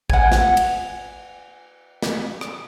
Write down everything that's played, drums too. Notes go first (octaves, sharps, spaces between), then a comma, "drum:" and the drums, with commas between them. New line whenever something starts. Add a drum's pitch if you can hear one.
F#5 G#5, drum: kick
drum: snare
drum: cymbal
drum: snare
drum: rim click